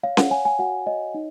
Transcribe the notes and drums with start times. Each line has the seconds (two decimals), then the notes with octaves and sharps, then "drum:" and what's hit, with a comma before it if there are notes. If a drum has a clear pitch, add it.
0.03 C#5 F5
0.17 F#5, drum: snare C#4
0.31 C#5 G#5
0.45 G#5
0.59 F#4 F#5
0.86 C#5 D#5
1.14 D#4